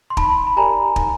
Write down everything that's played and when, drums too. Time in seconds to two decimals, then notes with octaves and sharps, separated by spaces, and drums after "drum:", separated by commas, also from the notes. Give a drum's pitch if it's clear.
0.10 C6
0.17 D#4 A5 B5, drum: kick
0.47 B5
0.56 G4 A#4 D5 G#5 A#5
0.96 D#4, drum: kick